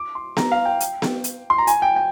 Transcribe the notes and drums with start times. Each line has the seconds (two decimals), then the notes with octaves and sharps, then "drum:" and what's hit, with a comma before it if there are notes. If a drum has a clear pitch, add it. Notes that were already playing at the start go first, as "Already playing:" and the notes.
Already playing: D6
0.15 C6
0.37 A#5, drum: snare B3
0.52 F5
0.65 G5
0.80 drum: hi-hat
1.02 drum: snare B3
1.24 drum: hi-hat
1.50 C6
1.58 A#5
1.67 G#5, drum: hi-hat
1.82 G5
1.96 G5